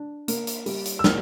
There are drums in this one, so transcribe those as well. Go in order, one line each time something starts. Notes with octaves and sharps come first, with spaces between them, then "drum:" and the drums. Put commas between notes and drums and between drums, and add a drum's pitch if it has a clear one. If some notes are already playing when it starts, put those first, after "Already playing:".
Already playing: D4
A#3, drum: hi-hat
drum: hi-hat
G3, drum: open hi-hat
drum: hi-hat
E6
A#3 F6, drum: snare